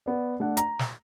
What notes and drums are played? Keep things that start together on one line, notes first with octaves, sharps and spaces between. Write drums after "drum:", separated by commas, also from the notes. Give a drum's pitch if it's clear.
B3 D5
A3 D4 F#5
A#5, drum: hi-hat
drum: snare